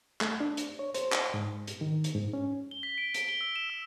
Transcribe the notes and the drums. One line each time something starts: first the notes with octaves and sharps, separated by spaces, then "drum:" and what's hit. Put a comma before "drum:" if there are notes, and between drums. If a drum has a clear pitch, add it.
A3, drum: clap
D4
drum: hi-hat
C#5
C5, drum: hi-hat
drum: clap
G#2
drum: hi-hat
D#3
drum: hi-hat
G#2
C#4
G7
B6
D7
D7, drum: hi-hat
G7
E6
E7
E6